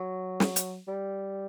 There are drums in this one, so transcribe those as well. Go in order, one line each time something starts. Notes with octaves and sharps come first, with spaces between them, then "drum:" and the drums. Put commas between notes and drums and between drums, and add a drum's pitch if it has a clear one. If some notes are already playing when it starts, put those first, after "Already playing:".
Already playing: F#3
drum: snare
drum: hi-hat
G3